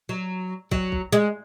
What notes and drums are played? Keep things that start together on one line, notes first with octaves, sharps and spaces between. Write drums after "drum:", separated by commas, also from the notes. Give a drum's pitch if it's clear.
F#3
F#3, drum: kick
drum: kick
G#3